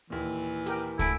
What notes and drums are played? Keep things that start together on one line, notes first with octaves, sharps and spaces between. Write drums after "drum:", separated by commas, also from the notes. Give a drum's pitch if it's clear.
D#2 A#2 E3
G4 A#4 G5, drum: hi-hat
D2 E4 A4 G#5 D7, drum: kick, hi-hat